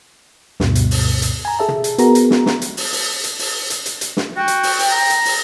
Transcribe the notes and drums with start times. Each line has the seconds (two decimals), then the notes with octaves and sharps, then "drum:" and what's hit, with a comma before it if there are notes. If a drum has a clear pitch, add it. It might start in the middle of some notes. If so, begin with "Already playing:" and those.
0.60 D2 G2 B2, drum: snare
0.75 drum: hi-hat
0.91 drum: open hi-hat
1.22 drum: hi-hat
1.45 G#5 A#5
1.59 G#4 A4 E5 A5
1.68 drum: tom
1.84 drum: hi-hat
1.98 B3 F#4 G#4 A#4 A#5, drum: hi-hat
2.15 drum: hi-hat
2.31 drum: snare
2.46 drum: snare
2.62 drum: hi-hat
2.77 drum: open hi-hat
2.93 drum: open hi-hat
3.24 drum: hi-hat
3.39 drum: open hi-hat
3.70 drum: hi-hat
3.86 drum: hi-hat
4.01 drum: hi-hat
4.17 drum: snare
4.37 F#4 G5
4.48 drum: hi-hat
4.63 drum: open hi-hat
4.79 drum: open hi-hat
4.91 A#5
5.10 drum: hi-hat
5.25 drum: open hi-hat